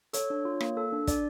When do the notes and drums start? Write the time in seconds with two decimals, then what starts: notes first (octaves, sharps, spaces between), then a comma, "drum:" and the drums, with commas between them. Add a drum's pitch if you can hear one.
0.13 A4 C#5, drum: hi-hat
0.30 D4
0.45 F4
0.61 A#3, drum: rim click
0.77 A4
0.93 D4
1.07 D4 D5, drum: kick, hi-hat